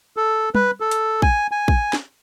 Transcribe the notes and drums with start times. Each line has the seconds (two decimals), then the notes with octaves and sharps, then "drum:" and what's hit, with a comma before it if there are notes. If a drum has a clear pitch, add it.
0.17 A4
0.55 B4, drum: tom G3
0.80 A4
0.91 drum: hi-hat
1.22 G#5, drum: kick
1.51 G#5
1.68 drum: kick
1.93 drum: snare